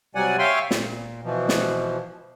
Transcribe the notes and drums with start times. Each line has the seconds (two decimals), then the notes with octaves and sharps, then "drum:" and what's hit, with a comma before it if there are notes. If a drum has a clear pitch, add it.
0.15 C3 F#3 G3 D5 F#5 G#5
0.39 C#5 E5 F5 G5 G#5 C6
0.71 A#2, drum: snare
1.23 B2 E3 F3
1.49 drum: snare